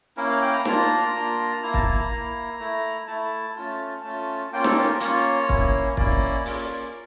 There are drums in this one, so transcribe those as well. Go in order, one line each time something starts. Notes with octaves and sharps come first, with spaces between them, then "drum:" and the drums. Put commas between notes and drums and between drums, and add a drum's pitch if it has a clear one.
A#3 C#4 E4 A#4
F5
G5
A#5
A#3 D4 F4 A#5, drum: snare
A#3 D4 F4
A#3 E4 A#5
A5, drum: kick
A#5
A#3 E4
A3 E4
A3 E4 A5
A3 C#4 F4
A3 C#4 F4
A#3 C#4 F4 G5
A4, drum: snare
G4
A#4
A#3 C#4 F4 C#5, drum: hi-hat
A#3 C#4 E4, drum: kick
A#3 C#4 E4 D5, drum: kick
A#3 C#4 F4, drum: open hi-hat